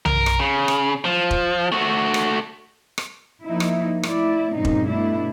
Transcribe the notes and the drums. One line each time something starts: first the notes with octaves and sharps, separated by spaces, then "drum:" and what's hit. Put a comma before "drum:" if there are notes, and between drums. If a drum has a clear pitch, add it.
A#4, drum: tom B1
drum: rim click
C#3
drum: rim click
F3
drum: kick E1
A3 F#4
drum: rim click
drum: rim click
F3 A#3 D#4 E4
drum: rim click
A3 E4 D5, drum: rim click
G2 A#2 C#3 C4 D#4
drum: kick E1
B2 A3 D4 E4